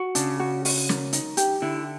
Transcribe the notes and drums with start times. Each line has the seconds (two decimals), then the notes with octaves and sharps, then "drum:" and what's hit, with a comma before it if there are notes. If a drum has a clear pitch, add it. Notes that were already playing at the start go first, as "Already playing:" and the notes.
Already playing: F#4
0.15 C#3 D4, drum: hi-hat
0.40 F#4
0.65 F#4, drum: open hi-hat
0.89 A#4, drum: snare
1.13 D#4, drum: hi-hat
1.37 G4, drum: hi-hat
1.62 D3 E4